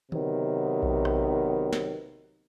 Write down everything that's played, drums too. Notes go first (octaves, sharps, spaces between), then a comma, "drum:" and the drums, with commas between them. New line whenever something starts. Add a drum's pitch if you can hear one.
C3 D#3 F#3 B3, drum: tom D3
drum: kick B1
drum: rim click
drum: snare